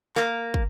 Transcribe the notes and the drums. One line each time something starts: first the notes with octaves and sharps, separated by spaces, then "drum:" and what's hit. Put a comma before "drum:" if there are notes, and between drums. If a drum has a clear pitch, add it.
A#3, drum: clap
drum: kick